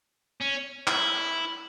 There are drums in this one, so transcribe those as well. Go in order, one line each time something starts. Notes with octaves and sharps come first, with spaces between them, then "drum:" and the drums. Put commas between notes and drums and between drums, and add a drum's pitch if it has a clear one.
C#4
E4, drum: clap